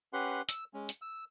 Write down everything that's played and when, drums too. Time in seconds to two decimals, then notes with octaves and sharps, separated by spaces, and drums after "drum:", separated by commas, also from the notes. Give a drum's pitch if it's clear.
0.13 C#4 G4 B4 F#5 C6
0.49 E6, drum: hi-hat
0.74 G#3 C#4
0.89 drum: hi-hat
1.02 E6